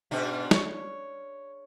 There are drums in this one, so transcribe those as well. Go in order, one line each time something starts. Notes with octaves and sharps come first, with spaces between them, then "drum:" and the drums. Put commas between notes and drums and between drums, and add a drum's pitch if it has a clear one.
G#2 B2 D4
C#5, drum: snare